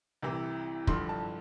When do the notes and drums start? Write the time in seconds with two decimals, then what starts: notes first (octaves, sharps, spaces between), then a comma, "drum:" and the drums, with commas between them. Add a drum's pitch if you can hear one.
0.22 C2 C3 E3
0.87 G2 D3 F3 C6, drum: kick
1.09 A5